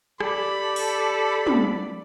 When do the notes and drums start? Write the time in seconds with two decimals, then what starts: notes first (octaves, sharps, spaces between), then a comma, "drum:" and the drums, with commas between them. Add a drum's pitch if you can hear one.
0.20 G4 A4 D5 B5, drum: rim click
0.76 drum: open hi-hat
1.47 drum: tom